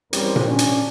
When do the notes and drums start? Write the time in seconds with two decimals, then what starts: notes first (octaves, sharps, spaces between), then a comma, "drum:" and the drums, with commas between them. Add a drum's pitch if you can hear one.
0.13 E2 G3 C4 C#4 A#4 C5, drum: hi-hat
0.36 drum: tom A#2
0.47 C#4 D4
0.59 drum: hi-hat